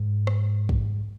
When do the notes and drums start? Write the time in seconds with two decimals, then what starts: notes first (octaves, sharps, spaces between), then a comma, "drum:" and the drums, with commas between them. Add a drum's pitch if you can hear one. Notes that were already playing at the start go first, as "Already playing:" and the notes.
Already playing: G#2
0.27 drum: rim click
0.69 drum: kick